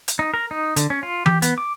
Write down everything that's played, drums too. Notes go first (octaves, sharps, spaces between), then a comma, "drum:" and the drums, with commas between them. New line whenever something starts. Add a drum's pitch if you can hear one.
drum: hi-hat
D#4
A#4
D#4
D3, drum: hi-hat
C#4
F4
G4, drum: tom E3
B3, drum: hi-hat
D6